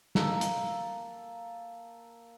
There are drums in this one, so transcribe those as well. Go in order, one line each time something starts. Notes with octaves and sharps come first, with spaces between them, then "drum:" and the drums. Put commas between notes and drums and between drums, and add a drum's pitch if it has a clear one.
A#3 A4 A#5, drum: snare
drum: hi-hat